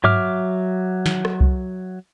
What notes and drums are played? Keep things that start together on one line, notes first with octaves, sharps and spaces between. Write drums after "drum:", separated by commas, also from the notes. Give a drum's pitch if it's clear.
F#3 E5 D6 F6, drum: tom G2
drum: snare
drum: rim click
drum: kick C2